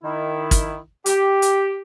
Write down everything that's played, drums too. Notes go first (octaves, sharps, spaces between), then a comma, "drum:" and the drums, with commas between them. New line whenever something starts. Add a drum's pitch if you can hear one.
D#3 E4
drum: kick, hi-hat
G4, drum: hi-hat
drum: hi-hat